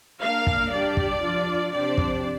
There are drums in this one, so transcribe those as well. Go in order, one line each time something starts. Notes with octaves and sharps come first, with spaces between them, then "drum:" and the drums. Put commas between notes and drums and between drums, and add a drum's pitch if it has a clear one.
A#3 D4 A#4 F5
drum: kick
G3 D4 G4 D5
drum: kick
F3 D4 F4
C3 F3 D4 G4 C5 D5
drum: kick